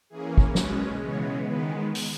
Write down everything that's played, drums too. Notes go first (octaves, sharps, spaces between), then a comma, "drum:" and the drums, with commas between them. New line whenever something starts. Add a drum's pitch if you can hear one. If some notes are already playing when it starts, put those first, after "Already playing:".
E3 A#3 C#4 G#4
drum: kick
B2 G#3 C#4 B4, drum: snare
C#3 E3 G#3 B3 C#5
D#3 G#3 B3 B4
drum: open hi-hat